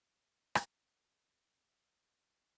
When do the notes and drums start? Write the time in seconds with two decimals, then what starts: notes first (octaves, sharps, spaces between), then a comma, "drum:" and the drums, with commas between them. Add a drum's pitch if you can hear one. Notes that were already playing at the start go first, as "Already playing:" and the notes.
0.55 drum: rim click
0.83 F#2
1.33 G#4
1.61 A#5
1.90 F#2
2.14 C4